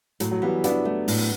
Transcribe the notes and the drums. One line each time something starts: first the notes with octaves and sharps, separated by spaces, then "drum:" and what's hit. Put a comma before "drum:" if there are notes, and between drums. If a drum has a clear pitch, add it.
A2 F#3, drum: hi-hat
F#3
E3 G3 B3
B3 D4 E4, drum: hi-hat
A3
A2, drum: open hi-hat